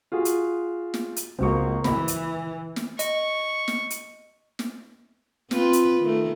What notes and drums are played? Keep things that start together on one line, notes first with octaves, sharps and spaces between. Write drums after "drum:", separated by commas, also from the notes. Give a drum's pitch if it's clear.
F4 F#4 G#4
drum: hi-hat
drum: snare
drum: hi-hat
C#2 A#3 C4 F#4 C#6
E3 B5, drum: snare
drum: hi-hat
drum: snare
D#5 C#6, drum: hi-hat
drum: snare
drum: hi-hat
drum: snare
C4 F4 B4, drum: snare
drum: hi-hat
D#3 A3